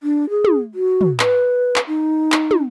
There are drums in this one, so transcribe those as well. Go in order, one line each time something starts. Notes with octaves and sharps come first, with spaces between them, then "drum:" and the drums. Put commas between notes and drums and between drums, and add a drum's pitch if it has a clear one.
D4
G#4
drum: tom
F#4
drum: tom
B4, drum: clap
drum: clap
D#4
drum: clap
drum: tom